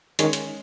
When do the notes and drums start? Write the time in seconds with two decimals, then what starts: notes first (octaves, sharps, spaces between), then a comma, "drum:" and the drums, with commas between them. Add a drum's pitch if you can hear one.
0.19 D#3 G#3 C#4 G#4 C#5, drum: hi-hat
0.33 drum: hi-hat